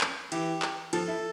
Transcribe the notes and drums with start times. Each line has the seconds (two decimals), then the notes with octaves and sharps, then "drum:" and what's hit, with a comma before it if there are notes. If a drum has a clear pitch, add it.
0.01 drum: clap
0.32 E3 G4, drum: cymbal
0.62 drum: clap
0.93 F3 A4, drum: cymbal
1.08 E4